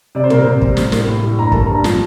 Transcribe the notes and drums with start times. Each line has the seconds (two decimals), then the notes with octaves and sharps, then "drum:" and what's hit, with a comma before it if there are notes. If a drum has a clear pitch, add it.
0.15 C3 D5
0.24 C5
0.30 A#3 A#4, drum: tom
0.42 C3 C5
0.61 G3, drum: kick
0.77 A2, drum: snare
0.92 A#3, drum: snare
1.08 A2
1.23 G3
1.39 G2 A#5
1.52 A#3 A5, drum: kick
1.66 G2 A#5
1.84 F3, drum: snare